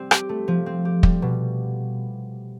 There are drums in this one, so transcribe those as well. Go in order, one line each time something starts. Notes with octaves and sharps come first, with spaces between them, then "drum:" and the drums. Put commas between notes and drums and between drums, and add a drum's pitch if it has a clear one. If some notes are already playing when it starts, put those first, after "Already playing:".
Already playing: G3 C4
G4, drum: rim click
A3
F3
C4
G4
G3, drum: kick
B2